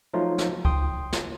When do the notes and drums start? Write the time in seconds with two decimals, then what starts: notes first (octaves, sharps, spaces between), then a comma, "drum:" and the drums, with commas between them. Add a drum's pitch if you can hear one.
0.14 F3 F#3 A3 D#4 F4
0.38 drum: snare
0.65 G5 C6 D#6, drum: kick C#2
1.13 drum: snare